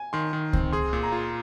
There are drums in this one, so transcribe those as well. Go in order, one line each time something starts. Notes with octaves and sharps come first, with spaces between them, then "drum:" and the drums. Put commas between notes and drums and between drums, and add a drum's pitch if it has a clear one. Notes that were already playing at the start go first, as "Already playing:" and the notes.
Already playing: G#5
D#3 C6
D#3
C4, drum: kick C#2
G#4 C6
A#2
A#5
F4